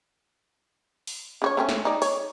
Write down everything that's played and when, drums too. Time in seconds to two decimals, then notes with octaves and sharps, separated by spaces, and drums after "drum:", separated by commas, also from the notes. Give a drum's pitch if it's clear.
1.07 drum: open hi-hat
1.42 C#3 F#4 C#5
1.57 A3 C4 C#4
1.69 drum: snare
1.85 D#4 D5
2.02 C#5, drum: open hi-hat